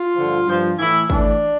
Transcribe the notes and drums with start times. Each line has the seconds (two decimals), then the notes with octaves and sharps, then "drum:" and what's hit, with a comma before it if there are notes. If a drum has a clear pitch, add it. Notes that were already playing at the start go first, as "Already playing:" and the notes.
Already playing: F4
0.16 G2 D3 F3
0.47 G2 F3
0.78 A2 E3 E4
1.10 A2 E3 D4, drum: kick